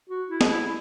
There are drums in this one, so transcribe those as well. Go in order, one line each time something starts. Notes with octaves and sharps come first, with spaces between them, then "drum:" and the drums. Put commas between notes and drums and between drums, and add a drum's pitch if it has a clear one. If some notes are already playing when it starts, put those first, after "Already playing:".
F#4
E4
drum: snare
E4